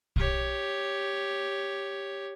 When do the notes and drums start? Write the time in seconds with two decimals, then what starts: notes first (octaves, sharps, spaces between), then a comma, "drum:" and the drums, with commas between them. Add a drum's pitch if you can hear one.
0.16 G4 C#5, drum: kick